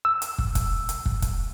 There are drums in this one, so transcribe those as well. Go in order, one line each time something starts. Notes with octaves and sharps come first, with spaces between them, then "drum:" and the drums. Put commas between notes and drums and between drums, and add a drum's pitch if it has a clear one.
E6
drum: hi-hat
drum: kick
drum: kick, hi-hat
drum: hi-hat
drum: kick
drum: kick, hi-hat